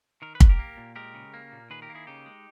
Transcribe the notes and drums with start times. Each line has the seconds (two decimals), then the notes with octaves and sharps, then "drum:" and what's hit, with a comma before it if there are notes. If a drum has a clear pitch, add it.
0.22 D#3 A#4
0.35 B4
0.40 A#3, drum: kick
0.49 G4 A#4
0.59 A#3
0.77 A#2
0.96 G#3 G4 A#4
1.14 C#3
1.34 A#3
1.52 A#2
1.70 D#3 G#4 B4
1.82 G4 A#4
1.89 A#3
1.95 E4 G#4
2.07 C#3 D#4 G4
2.26 G#3